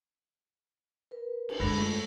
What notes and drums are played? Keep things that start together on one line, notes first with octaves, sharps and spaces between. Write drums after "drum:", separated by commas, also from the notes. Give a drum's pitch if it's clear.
A#4 B4
drum: cymbal
F#2 D3 G#3 B5 A#6
A3 F4